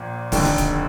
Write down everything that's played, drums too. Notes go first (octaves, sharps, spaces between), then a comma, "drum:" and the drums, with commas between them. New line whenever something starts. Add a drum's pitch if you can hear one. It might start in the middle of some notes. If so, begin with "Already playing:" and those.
Already playing: A#1 A#2
F1 D#2 D3, drum: kick D1, open hi-hat
drum: snare
drum: kick D1, hi-hat